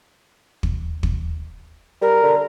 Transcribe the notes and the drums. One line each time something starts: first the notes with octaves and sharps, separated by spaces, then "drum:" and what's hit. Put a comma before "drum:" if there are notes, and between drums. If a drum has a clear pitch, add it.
drum: kick
drum: kick
G3 A#4
D3